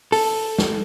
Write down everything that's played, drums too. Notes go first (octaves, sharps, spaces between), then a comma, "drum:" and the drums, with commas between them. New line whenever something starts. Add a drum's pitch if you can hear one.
A4, drum: open hi-hat
drum: snare